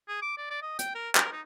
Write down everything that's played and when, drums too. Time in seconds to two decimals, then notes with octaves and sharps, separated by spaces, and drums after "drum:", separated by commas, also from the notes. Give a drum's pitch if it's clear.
0.08 G#4
0.22 D6
0.38 D5
0.50 D5
0.62 D#5
0.79 G5, drum: hi-hat
0.95 A#4
1.15 A#4, drum: clap
1.32 D#4